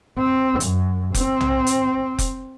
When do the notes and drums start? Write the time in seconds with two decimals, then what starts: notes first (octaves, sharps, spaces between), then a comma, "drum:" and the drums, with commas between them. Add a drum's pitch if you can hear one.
0.19 C4
0.60 F#2, drum: hi-hat
1.15 C4, drum: kick F1, hi-hat
1.41 drum: tom B1
1.67 drum: hi-hat
2.19 drum: kick F1, hi-hat